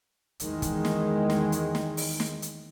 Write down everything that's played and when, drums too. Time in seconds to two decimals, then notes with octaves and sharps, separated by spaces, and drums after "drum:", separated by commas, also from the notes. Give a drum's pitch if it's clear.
0.40 E2 D#3 G#3, drum: hi-hat
0.62 drum: kick, hi-hat
0.85 drum: snare
1.30 drum: snare
1.52 drum: hi-hat
1.75 drum: snare
1.97 drum: open hi-hat
2.20 drum: snare
2.42 drum: hi-hat